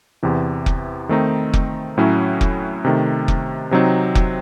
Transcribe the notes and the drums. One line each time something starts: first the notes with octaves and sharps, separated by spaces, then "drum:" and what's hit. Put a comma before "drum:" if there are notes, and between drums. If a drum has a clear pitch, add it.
E2 C3 E3
drum: kick F1
D#3 A3 C4 D#4
drum: kick F1
A2 F#3 C#4 E4
drum: kick F1
C3 D#3 A3
drum: kick F1
C3 F#3 C4 D#4
drum: kick F1